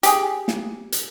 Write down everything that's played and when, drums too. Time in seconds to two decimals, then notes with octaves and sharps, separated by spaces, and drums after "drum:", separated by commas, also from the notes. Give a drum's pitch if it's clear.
0.03 G4 G#4, drum: hi-hat
0.48 drum: snare
0.92 drum: hi-hat